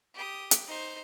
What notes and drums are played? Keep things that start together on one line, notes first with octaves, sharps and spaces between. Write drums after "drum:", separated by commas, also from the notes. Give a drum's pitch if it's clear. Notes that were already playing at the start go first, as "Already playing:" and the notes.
G4 D#6
drum: hi-hat
D#4 C5